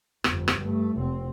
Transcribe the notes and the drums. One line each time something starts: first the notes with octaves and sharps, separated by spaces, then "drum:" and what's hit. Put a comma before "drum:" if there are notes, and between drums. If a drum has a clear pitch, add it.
G1 F2, drum: rim click
drum: rim click
G2 A3
F1 C4